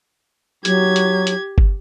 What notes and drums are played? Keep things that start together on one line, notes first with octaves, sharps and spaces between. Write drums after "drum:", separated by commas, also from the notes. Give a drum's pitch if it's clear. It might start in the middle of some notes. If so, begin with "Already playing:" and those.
F#3 G4 G#6, drum: hi-hat
drum: hi-hat
drum: hi-hat
drum: kick G1